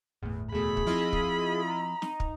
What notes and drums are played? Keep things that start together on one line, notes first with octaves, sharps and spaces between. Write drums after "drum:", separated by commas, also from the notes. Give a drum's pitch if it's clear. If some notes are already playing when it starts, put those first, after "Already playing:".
G1 E2 A2
D1 E2 B2 A3 G#4 B5
drum: kick
F3 C4 E4 F4 D#5
drum: kick
A#5
D#4, drum: snare
drum: kick